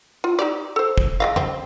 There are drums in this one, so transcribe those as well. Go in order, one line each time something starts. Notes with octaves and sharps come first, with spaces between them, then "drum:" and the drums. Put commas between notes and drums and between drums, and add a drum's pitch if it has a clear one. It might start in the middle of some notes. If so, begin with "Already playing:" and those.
F4
D#4 G4 D5
A4 C5
drum: kick
G#3 D#5 F5
G3 C4, drum: tom